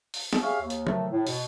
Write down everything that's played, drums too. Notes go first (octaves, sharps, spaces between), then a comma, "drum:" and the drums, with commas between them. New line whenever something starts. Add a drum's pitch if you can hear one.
drum: open hi-hat
drum: snare
G4 G#4 C#5 E5 F5
D#2
drum: hi-hat
D#3 F3 F#3 A3, drum: tom
A2
B2, drum: open hi-hat